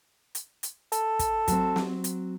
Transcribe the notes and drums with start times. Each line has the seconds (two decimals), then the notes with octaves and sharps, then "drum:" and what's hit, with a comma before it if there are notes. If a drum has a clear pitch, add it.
0.35 drum: hi-hat
0.63 drum: hi-hat
0.92 A4, drum: hi-hat
1.19 drum: kick, hi-hat
1.48 F#3 C4, drum: kick, hi-hat
1.76 drum: snare
2.04 drum: hi-hat